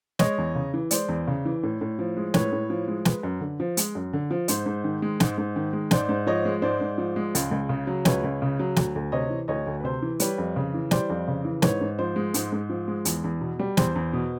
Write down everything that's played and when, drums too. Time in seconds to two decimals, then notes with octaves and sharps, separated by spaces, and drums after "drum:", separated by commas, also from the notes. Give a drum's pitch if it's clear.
0.19 G#3 C#5 D#5, drum: snare
0.38 E2
0.55 C#3
0.74 E3
0.91 G#3 C5 D5, drum: hi-hat
1.09 E2
1.27 C#3
1.45 E3
1.63 A2
1.81 A2
1.99 F3
2.17 G#3
2.34 A2 B4 C#5, drum: snare
2.52 A2
2.70 F3
2.88 G#3
3.05 G#3 B4, drum: snare
3.23 F#2
3.41 D3
3.60 F3
3.77 G#3, drum: hi-hat
3.95 F#2
4.13 D3
4.31 F3
4.48 G#2 C5, drum: hi-hat
4.66 G#2
4.84 D#3
5.02 G#3
5.20 G#2, drum: snare
5.38 G#2
5.56 D#3
5.73 G#3
5.91 G#2 C5 D5, drum: snare
6.09 G#2
6.27 F3 C#5 D#5
6.45 G#3
6.62 G#2 C5 D5
6.81 G#2
6.98 F3
7.16 G#3
7.35 C#2, drum: hi-hat
7.51 C#2
7.69 C#3
7.87 F#3
8.05 C#2 B4 C#5, drum: snare
8.24 C#2
8.42 C#3
8.59 F#3
8.76 D2, drum: snare
8.96 D2
9.12 C3 C#5 D#5
9.30 E3
9.48 D2 C#5 D#5
9.67 D2
9.80 B4
9.84 C3 C5
10.02 E3
10.20 G3 B4 C#5, drum: hi-hat
10.38 F2
10.56 C#3
10.74 E3
10.91 G3 C5 D5, drum: snare
11.10 F2
11.28 C#3
11.45 E3
11.62 G#2 B4 C#5, drum: snare
11.81 G#2
11.99 F3 C5
12.16 G#3
12.34 G#2, drum: hi-hat
12.52 G#2
12.70 F3
12.88 G#3
13.05 E2, drum: hi-hat
13.24 E2
13.41 B2
13.59 G3
13.77 E2 C5, drum: snare
13.96 E2
14.13 B2